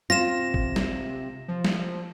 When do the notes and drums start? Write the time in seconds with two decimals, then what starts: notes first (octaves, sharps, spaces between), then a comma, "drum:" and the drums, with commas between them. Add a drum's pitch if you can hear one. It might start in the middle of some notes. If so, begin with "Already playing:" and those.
0.10 C3 F4 A#6 E7
0.54 drum: kick A1
0.76 drum: snare
1.48 F3
1.64 drum: snare